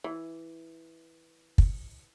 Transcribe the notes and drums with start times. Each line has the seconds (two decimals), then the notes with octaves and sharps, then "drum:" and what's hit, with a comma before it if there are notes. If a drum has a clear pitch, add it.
0.04 E3
1.58 drum: kick